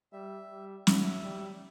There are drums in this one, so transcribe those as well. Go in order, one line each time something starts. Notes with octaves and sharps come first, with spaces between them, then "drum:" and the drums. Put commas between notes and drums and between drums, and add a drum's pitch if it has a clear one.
G3 E5
G3
F#3 E5, drum: snare
E5
G3